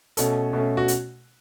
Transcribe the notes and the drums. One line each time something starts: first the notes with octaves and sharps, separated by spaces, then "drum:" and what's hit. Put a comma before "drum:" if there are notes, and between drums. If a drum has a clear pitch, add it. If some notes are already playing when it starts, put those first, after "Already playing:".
B2 A3 C#4 A4, drum: hi-hat
B2 A3 C#4
F#4
drum: hi-hat